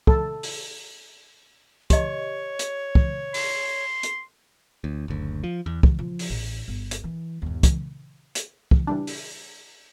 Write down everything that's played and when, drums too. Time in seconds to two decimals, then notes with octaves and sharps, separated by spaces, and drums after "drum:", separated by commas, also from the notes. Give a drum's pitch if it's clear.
0.07 A4, drum: kick
0.43 drum: open hi-hat
1.90 G4 C#5 D#5, drum: kick, hi-hat
2.59 drum: hi-hat
2.95 drum: kick
3.34 C6, drum: open hi-hat
4.03 drum: hi-hat
4.84 D2
5.08 F#1 D2
5.44 F3
5.66 E2
5.83 drum: kick
5.99 F3
6.19 drum: open hi-hat
6.30 A1
6.68 G1
6.91 drum: hi-hat
7.04 E3
7.42 G1 D#2
7.63 drum: kick, hi-hat
8.35 drum: hi-hat
8.71 drum: kick
8.87 E3 G3 D4
9.07 drum: open hi-hat